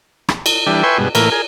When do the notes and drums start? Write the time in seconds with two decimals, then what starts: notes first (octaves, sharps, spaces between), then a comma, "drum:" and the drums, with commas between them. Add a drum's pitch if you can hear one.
0.29 drum: rim click
0.46 drum: cymbal
0.66 E3 G3 D4
0.83 B4 E5 G5 G#5 C6 C#6
0.98 G2 B2 G#3
1.15 A2 E3 A#3 A#4, drum: cymbal
1.32 G#4 A#4